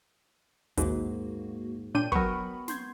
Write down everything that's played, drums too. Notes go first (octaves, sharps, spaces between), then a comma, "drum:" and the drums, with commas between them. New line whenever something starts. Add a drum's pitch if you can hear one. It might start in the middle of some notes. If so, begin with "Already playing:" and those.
A#1 D#2 G#2 A#3 F#4, drum: hi-hat
A#2 D4 C#5 G5 D#7
F#3 B3 A#4 B5 C#6, drum: kick
C6 G6 G#6, drum: snare